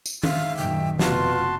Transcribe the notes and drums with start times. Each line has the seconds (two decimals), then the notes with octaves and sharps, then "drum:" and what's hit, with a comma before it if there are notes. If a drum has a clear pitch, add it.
0.06 drum: tambourine
0.23 G#2 E5 F5, drum: tom D#3
0.57 F#2 A#2 D#3 G5
0.99 F1 B2 F4 F#4 A5 C6, drum: snare